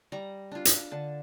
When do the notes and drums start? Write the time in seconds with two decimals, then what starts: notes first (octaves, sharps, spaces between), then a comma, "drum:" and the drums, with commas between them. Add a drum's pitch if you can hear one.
0.12 G3 A#5
0.52 D4 F4
0.65 drum: hi-hat
0.91 D3 A5